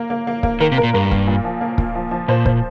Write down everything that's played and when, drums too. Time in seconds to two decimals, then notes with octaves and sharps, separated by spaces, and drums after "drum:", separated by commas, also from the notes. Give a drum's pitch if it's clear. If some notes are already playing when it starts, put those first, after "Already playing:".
Already playing: A#3
0.10 A#3
0.27 A#3
0.43 A#3, drum: kick
0.60 D#3 A#4
0.72 C3
0.78 A#4
0.84 A#2
0.94 G2 A#4
1.12 A#3, drum: kick
1.27 A#2
1.44 F3
1.61 A#3
1.78 A#2, drum: kick
1.95 F3
2.11 F3
2.28 A#2 C5
2.45 C5, drum: kick